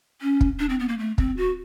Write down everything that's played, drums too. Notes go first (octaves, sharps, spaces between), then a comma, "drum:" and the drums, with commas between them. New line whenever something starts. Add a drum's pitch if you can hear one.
C#4
drum: kick
D4
C4
B3
A#3
A3
C4, drum: kick
F#4